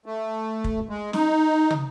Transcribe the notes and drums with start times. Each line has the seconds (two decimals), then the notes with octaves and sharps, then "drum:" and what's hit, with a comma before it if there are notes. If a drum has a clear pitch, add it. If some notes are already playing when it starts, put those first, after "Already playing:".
0.06 A3
0.64 drum: kick
0.89 G#3
1.13 D#4, drum: snare
1.70 drum: tom